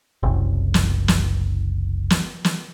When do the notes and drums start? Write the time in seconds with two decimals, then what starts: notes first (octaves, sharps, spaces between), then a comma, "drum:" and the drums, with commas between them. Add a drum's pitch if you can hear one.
0.23 F#1 C2
0.74 drum: snare
1.08 drum: snare
2.10 drum: snare
2.44 drum: snare